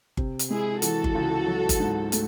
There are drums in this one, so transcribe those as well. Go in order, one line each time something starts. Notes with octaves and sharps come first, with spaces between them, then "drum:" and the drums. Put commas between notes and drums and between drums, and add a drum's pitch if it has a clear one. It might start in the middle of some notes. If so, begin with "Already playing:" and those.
C3, drum: kick G1
drum: hi-hat
G#3 E4 G#4
E3 F#4 A4, drum: hi-hat
drum: kick G1
C#2
F#3
drum: kick G1, hi-hat
G#2
A3, drum: hi-hat